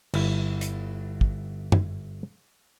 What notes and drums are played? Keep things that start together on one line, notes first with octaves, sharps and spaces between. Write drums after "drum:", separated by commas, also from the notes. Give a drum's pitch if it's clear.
G1 E4, drum: cymbal
drum: hi-hat
drum: kick
drum: tom